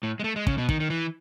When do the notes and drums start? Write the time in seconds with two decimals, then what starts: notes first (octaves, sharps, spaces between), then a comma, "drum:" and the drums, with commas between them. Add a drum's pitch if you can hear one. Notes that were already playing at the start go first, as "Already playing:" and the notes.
0.03 A2
0.20 G#3
0.24 A3
0.36 G#3
0.47 C#3, drum: kick
0.58 B2
0.69 D#3, drum: kick
0.80 D#3
0.90 E3